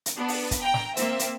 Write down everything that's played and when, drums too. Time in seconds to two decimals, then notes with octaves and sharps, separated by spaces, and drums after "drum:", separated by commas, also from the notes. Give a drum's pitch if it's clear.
0.06 drum: hi-hat
0.18 B3 D4
0.28 drum: open hi-hat
0.51 drum: kick, hi-hat
0.62 G5 A#5
0.74 drum: snare
0.97 A#3 C4 E5, drum: hi-hat
1.19 drum: hi-hat